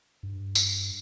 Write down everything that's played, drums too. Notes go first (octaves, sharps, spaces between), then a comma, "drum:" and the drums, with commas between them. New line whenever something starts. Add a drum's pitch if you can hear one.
G2
drum: tambourine